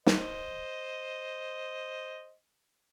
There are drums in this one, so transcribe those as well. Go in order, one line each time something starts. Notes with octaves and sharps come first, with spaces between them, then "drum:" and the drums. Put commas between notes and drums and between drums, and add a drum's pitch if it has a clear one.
C5 D#5, drum: snare